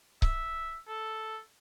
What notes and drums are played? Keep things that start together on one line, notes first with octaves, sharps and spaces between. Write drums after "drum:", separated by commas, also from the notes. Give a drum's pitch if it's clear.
E5, drum: kick C#1
A4